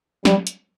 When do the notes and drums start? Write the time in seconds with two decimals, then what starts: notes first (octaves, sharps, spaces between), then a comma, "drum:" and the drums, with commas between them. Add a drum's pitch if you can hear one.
0.25 G3, drum: snare
0.47 drum: hi-hat